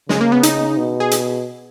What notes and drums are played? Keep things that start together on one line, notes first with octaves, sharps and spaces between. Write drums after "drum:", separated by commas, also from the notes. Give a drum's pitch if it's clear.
C#3 G#3, drum: snare
A#3
B3
D#4, drum: hi-hat
B2
G#4
drum: hi-hat